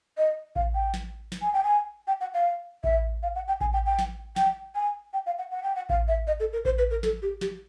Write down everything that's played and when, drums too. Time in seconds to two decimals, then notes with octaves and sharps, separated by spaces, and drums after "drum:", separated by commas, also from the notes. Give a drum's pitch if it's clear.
0.18 D#5
0.56 F5, drum: kick A1
0.75 G5
0.94 drum: snare
1.32 drum: snare
1.42 G#5
1.54 G5
1.64 G#5
2.08 G5
2.21 F#5
2.34 F5
2.84 E5, drum: kick A1
3.23 F5
3.35 F#5
3.48 G5
3.61 G#5, drum: kick A1
3.73 G5
3.86 G5
3.99 drum: snare
4.36 G5, drum: snare
4.75 G#5
5.14 G5
5.26 F5
5.39 F#5
5.51 F#5
5.63 G5
5.76 F#5
5.89 F5, drum: kick A1
6.08 E5
6.27 D#5
6.40 A4
6.53 A#4
6.65 C5, drum: kick A1
6.78 B4
6.91 A#4
7.03 A4, drum: snare
7.22 G4
7.41 G4, drum: snare